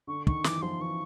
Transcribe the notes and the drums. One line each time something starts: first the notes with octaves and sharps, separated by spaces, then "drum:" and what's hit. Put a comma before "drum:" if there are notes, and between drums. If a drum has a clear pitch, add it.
D3 C#6
D#3 C#6, drum: kick
E3 D6, drum: snare
E3
F3 C6
E3 C#6